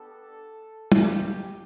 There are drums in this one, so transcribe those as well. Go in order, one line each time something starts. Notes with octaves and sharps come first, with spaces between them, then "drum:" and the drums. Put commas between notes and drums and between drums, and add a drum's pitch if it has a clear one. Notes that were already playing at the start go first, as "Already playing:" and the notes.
Already playing: B3 D4 G4 A4
B3 F4 G4, drum: tom